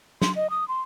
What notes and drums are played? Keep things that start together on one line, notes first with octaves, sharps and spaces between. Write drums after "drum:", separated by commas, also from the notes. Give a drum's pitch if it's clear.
C6, drum: snare
D#5
D#6
C6